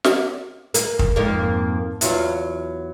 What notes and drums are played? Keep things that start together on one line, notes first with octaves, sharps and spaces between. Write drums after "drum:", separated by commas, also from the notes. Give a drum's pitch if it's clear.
drum: snare
A#3, drum: hi-hat
drum: kick
F2 G#2 A#3
E2 F#3 F4, drum: hi-hat